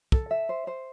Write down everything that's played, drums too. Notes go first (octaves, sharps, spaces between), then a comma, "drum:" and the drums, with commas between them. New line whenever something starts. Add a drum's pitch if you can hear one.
A4, drum: kick
E5
C5
C5